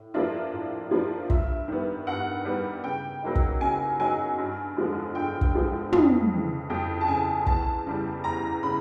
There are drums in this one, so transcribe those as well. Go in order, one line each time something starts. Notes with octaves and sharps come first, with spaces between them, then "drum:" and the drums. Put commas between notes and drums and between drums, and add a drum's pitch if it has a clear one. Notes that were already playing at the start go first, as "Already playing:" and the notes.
Already playing: A2
F3 A#3 D4 F4 E5
A2
F3 A#3 D4 F4
G2 E5, drum: kick
D#3 G3 B3
G2 F#5
D#3 G3 B3
C#3 G5
F#3 A#3 D#4
drum: kick
C#3 G#5
F#3 A#3 D#4 G#5
G2
D3 F3 G#3
G2 G5
drum: kick
D3 F3 G#3
F2, drum: tom
C#3 E3
F2 G5
A5
C#3 E3 G#5
E2 A5, drum: kick
C#3 E3 G3
E2 A#5
C#3 E3 B5